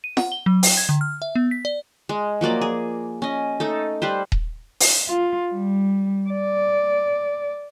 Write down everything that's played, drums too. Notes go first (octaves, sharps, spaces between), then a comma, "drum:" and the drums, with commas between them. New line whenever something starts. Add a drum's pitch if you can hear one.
D#7
F#5, drum: snare
G7
F#3
G5, drum: open hi-hat
G#6
D3
F6
E5
B3
B6
D5
G#3
F3 F#3 A#3 D5
G#4
C#4 D#5
A3 D#4 A4
G3 B4 C5
drum: kick D#1
drum: open hi-hat
F4
G3
D5